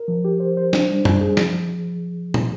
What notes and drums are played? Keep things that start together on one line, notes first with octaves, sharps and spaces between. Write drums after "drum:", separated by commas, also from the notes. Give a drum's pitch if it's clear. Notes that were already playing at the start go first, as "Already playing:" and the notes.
Already playing: A#4
F3
G4
C5
C5
D4, drum: snare
G3
G3, drum: tom F#2
G#4
F3, drum: snare
drum: tom